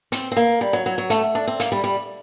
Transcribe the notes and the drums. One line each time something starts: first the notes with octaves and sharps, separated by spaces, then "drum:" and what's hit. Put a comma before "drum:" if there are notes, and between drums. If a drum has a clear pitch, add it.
C4, drum: hi-hat
C4
A#3
G3
F#3
F#3
F#3
A3, drum: hi-hat
D4
C4
A#3, drum: hi-hat
G3
G3